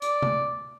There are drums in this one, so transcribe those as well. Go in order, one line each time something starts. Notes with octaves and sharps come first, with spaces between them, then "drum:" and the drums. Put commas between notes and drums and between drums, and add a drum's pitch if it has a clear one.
D5, drum: hi-hat
drum: tom C3